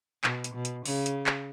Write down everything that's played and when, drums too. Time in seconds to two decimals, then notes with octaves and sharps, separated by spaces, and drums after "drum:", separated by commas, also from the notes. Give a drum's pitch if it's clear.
0.24 B2, drum: clap
0.44 drum: hi-hat
0.54 B2
0.65 drum: hi-hat
0.86 C#3, drum: open hi-hat
1.06 drum: hi-hat
1.26 drum: clap